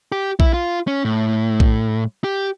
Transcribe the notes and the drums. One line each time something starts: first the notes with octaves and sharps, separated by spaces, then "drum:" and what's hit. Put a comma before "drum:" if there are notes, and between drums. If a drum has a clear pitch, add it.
G4
E4, drum: kick A#1
F4
C#4
A2
drum: kick A#1
G4